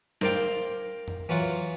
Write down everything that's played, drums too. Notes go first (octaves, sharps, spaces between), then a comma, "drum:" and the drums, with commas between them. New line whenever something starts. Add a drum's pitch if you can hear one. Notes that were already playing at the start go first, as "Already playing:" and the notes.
A#4 C5 D5 F5 G5, drum: snare
drum: tom F2
E3 F#3 F4 F#5